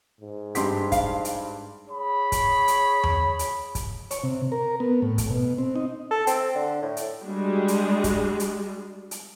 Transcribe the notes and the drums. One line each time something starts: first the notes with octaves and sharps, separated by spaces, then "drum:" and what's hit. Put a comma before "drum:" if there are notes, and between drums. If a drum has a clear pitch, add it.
G#2
G2 G4 C6 B6, drum: hi-hat
F5, drum: kick, hi-hat
drum: hi-hat
G#4 C#5 B5
drum: kick, hi-hat
drum: hi-hat
drum: tom E2
drum: hi-hat
drum: kick, hi-hat
C#5, drum: hi-hat
C3
A#4
B3
A2
drum: kick, hi-hat
B2
C4
D#4
A4
C4, drum: hi-hat
D3
A2
drum: hi-hat
G3 G#3 D4 F#4
drum: hi-hat
drum: kick, hi-hat
drum: hi-hat
drum: hi-hat